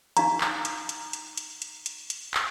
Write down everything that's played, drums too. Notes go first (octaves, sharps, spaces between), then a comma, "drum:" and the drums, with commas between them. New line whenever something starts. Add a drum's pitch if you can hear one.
D#4 F5 A#5, drum: hi-hat
drum: clap
drum: hi-hat
drum: hi-hat
drum: hi-hat
drum: hi-hat
drum: hi-hat
drum: hi-hat
drum: hi-hat
drum: clap